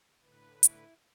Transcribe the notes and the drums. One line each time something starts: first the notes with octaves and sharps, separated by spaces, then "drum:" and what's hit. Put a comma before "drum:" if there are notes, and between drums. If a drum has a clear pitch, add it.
A2 D3 B4
E4, drum: hi-hat